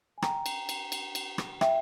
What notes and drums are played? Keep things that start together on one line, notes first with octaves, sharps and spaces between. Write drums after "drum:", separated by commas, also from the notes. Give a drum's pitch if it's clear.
G#5
G5 A#5, drum: rim click
drum: cymbal
drum: cymbal
drum: cymbal
drum: cymbal
drum: rim click
E5 G5, drum: rim click